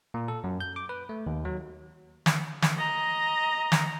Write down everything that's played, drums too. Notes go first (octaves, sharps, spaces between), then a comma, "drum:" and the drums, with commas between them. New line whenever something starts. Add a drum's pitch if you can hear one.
A#2
A4
F#2
G6
D6
B4
A3
D#2
F#3
drum: snare
drum: snare
D#5 A#5
drum: snare